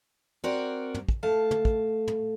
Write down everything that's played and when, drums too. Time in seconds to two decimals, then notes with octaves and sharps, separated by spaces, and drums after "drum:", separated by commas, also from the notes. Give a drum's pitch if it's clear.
0.44 C4 F#4 A#4 D5
0.94 drum: tom
1.09 drum: kick
1.23 A3 F5 A5
1.51 drum: tom
1.65 drum: kick
2.07 drum: tom